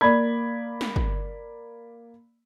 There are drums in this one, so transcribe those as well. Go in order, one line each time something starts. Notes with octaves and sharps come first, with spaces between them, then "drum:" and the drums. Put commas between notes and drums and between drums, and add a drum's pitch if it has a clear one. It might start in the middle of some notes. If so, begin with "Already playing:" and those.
A#3 D5 B5 G#6
drum: snare
drum: kick